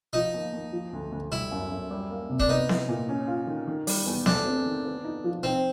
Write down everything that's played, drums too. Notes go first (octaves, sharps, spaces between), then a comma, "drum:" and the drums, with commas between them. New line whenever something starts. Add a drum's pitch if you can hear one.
F3 D#4
D#2
D#2
F3
D2
D2
G3 E4
F#2
F#2
G3
A#3
C3
D4, drum: kick
B3 D#4
E4, drum: snare B3
A#2
C#4
F4
D#3
D#3
G3, drum: open hi-hat
E2
A3 D4, drum: snare B3
C4
D#3
B3
D#4
F3
C4 D#4